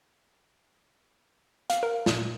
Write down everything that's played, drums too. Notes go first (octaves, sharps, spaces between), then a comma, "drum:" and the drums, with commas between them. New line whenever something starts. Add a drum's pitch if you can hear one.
F5, drum: hi-hat
A#4
A#2, drum: snare